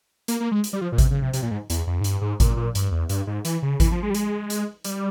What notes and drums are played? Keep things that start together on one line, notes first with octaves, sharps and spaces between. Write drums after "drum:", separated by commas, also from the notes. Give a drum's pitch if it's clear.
A#3, drum: hi-hat
A#3
G#3
drum: hi-hat
G3
F3
A#2
C3, drum: kick G#1, hi-hat
C#3
C3
C3, drum: hi-hat
A#2
G#2
E2, drum: hi-hat
F2
G#2
G2, drum: hi-hat
G#2
A#2, drum: kick G#1, hi-hat
A#2
G2, drum: hi-hat
E2
G2, drum: hi-hat
G#2
E3, drum: hi-hat
C#3
E3, drum: kick G#1, hi-hat
F3
G#3
G3
G#3, drum: hi-hat
drum: hi-hat
G3, drum: hi-hat